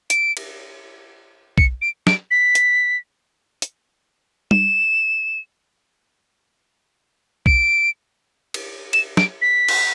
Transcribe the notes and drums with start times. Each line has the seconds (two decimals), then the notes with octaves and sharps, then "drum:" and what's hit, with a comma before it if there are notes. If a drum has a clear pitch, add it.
0.10 D7, drum: hi-hat
0.37 drum: cymbal
1.58 C#7, drum: kick
1.82 D7
2.07 D7, drum: snare
2.31 B6
2.55 drum: hi-hat
3.62 drum: hi-hat
4.51 E7, drum: tom G3
7.46 D7, drum: kick
8.54 drum: cymbal
8.93 E7, drum: cymbal
9.17 D7, drum: snare
9.42 B6
9.68 drum: cymbal